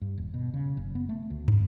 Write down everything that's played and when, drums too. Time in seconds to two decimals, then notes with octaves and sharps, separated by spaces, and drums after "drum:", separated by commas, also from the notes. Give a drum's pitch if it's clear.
0.01 G2
0.18 D#1
0.34 B2
0.54 C#3
0.77 F#1
0.95 B3
1.09 A3
1.30 D2
1.48 F#2, drum: tom